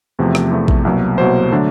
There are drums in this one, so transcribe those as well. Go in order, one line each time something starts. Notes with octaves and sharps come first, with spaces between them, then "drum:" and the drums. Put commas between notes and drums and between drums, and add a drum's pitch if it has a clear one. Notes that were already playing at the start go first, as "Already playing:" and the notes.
E2 C3 F3 A3
drum: rim click
E2 C3 F3 A3
drum: kick A#1
C2 B2 F#3 A#3
C2 B2 F#3 A#3 C5
D3 F#3 A3 D4